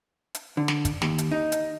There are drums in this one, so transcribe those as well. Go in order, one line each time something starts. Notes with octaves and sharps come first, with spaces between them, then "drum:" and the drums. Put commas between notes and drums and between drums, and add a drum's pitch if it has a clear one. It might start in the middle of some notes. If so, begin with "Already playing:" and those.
drum: hi-hat
D3
drum: snare
drum: kick, hi-hat
D#2, drum: snare
drum: hi-hat
D#4
drum: hi-hat